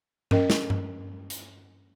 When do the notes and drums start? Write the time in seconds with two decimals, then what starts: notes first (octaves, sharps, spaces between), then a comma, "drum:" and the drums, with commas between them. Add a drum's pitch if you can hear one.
0.31 C#4 A#4 D#5 G5, drum: tom G2
0.50 drum: snare
0.70 drum: tom G2
1.30 drum: hi-hat